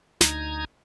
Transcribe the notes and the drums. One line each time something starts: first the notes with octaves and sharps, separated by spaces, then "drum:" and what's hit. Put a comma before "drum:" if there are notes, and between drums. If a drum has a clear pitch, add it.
D2 D#4 A#5 G#6, drum: snare